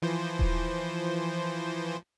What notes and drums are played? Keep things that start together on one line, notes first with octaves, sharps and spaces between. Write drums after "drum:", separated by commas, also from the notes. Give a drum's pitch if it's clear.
E3 F3 C5
drum: kick D#1